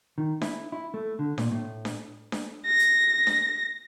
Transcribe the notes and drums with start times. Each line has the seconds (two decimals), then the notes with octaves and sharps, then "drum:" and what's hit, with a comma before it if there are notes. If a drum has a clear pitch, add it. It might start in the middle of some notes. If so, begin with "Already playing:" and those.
0.18 D#3
0.41 E4, drum: snare D4
0.72 E4
0.94 A3
1.19 D3
1.38 A#2, drum: snare D4
1.52 A2
1.85 drum: snare D4
2.32 drum: snare D4
2.66 A#6
2.79 drum: hi-hat
3.27 drum: snare D4